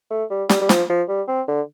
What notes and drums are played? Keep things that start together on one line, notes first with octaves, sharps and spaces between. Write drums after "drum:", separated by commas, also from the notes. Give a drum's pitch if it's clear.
A3
G3
G3, drum: snare
G3
F3, drum: snare
F3
G3
C4
D3